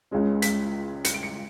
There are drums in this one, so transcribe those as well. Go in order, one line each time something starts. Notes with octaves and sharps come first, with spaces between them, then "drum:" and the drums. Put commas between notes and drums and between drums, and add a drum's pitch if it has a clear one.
C#2 C#3 G#3 C#4
B6, drum: hi-hat
C#7, drum: hi-hat
D7
C#7